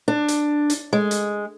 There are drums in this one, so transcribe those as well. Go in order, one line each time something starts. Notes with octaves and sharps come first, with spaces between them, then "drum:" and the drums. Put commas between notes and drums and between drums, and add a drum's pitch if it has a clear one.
D4
drum: hi-hat
drum: hi-hat
G#3
drum: hi-hat